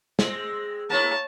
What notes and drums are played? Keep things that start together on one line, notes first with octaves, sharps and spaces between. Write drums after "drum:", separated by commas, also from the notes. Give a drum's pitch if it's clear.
G#3 C4, drum: snare
A#3 E4 C#5 A5